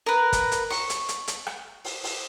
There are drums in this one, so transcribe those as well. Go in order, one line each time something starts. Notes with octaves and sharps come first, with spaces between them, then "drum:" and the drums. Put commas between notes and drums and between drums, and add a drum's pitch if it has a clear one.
A#4 B4
drum: kick, hi-hat
drum: hi-hat
C#6, drum: open hi-hat
drum: hi-hat
drum: hi-hat
drum: hi-hat
drum: rim click
drum: open hi-hat
drum: open hi-hat